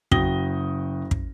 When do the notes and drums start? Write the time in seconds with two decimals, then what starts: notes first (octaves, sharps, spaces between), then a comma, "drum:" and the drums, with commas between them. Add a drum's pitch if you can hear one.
0.11 F#1 F#4 G5 D#6 A#6 G7, drum: kick
1.11 drum: kick